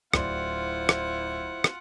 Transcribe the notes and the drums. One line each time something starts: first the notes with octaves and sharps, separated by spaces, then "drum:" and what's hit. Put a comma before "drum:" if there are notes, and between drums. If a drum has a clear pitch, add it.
D1 E4 F4 C5 D5 F#5 C6, drum: rim click
drum: rim click
drum: rim click